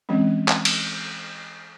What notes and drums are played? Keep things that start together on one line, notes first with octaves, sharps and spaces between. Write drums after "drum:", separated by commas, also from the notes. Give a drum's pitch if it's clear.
E3 F#3 G#3 C4 C#4
drum: clap
drum: cymbal